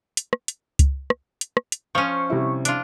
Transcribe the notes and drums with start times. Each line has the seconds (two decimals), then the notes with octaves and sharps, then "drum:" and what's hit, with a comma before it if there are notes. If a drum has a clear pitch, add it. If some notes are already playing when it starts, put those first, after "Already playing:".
0.17 drum: hi-hat
0.33 drum: rim click
0.48 drum: hi-hat
0.79 drum: kick C#2, hi-hat
1.10 drum: rim click
1.41 drum: hi-hat
1.57 drum: rim click
1.72 drum: hi-hat
1.95 F3 C#4 C6 C#6
2.30 C3 G3 E4
2.65 D4 F4, drum: hi-hat